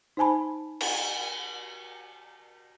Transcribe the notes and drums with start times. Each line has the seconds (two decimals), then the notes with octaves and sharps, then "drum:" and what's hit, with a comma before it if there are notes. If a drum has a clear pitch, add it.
0.17 D#4 C5 G#5 A5 B5
0.81 drum: cymbal